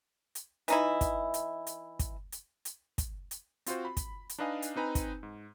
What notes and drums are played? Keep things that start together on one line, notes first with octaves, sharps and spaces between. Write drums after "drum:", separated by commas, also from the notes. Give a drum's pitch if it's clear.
drum: hi-hat
E3 D#4 E4, drum: hi-hat
drum: kick, hi-hat
drum: hi-hat
drum: hi-hat
drum: kick, hi-hat
drum: hi-hat
drum: hi-hat
drum: kick, hi-hat
drum: hi-hat
C4 F4 F#4 C5, drum: hi-hat
B5
drum: kick, hi-hat
drum: hi-hat
D4 D#4 B4 D#5 F5 G#5
drum: hi-hat
C4 D#4 B4 G#5 A#5
drum: kick, hi-hat
G#2